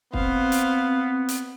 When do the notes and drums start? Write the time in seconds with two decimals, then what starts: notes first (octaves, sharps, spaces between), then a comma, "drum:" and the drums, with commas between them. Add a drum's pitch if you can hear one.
0.13 B3 C4 C5 F5, drum: kick
0.52 drum: hi-hat
1.29 drum: hi-hat